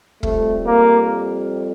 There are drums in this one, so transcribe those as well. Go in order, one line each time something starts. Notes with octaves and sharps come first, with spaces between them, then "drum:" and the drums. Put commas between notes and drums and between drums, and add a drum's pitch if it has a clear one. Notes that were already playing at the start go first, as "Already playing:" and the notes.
F2 C3 G3 A3, drum: kick
A#3